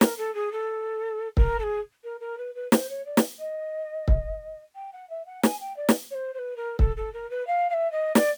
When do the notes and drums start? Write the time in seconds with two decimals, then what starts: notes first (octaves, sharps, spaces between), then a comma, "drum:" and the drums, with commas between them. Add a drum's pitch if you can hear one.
0.01 A#4, drum: snare
0.18 A4
0.35 G#4
0.52 A4
1.37 A#4, drum: kick
1.59 A4
1.63 G#4
2.04 A#4
2.20 A#4
2.38 B4
2.55 B4
2.72 C5, drum: snare
2.89 C#5
3.06 D5
3.17 drum: snare
3.39 D#5
4.08 drum: kick
4.75 G5
4.93 F#5
5.10 E5
5.26 F#5
5.43 G#5, drum: snare
5.61 G5
5.77 D5
5.89 drum: snare
6.11 C#5
6.14 C5
6.34 C5
6.39 B4
6.56 A#4
6.79 A4, drum: kick
6.97 A4
7.14 A#4
7.31 B4
7.47 F5
7.70 F5
7.73 E5
7.92 D#5
8.15 D5, drum: snare